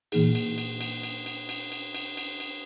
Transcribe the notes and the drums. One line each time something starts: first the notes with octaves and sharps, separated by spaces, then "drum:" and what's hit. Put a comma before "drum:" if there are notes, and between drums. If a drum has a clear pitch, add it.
A#2 E3 A#3 D#4 G#4, drum: cymbal
drum: cymbal
drum: cymbal
drum: cymbal
drum: cymbal
drum: cymbal
drum: cymbal
drum: cymbal
drum: cymbal
drum: cymbal
drum: cymbal